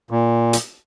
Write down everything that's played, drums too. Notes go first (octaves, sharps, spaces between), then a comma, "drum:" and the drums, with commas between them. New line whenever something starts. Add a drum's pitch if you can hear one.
A#2
drum: hi-hat